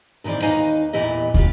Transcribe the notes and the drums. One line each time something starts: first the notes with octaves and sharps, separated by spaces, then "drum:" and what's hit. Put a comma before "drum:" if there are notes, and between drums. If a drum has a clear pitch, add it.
A#2 D#3 E3 C4 D5
D#2 D#4 B4 D#5 F5 G#5
E2 A#2 E3 E4 G4 D#5
D4 F4 G4, drum: kick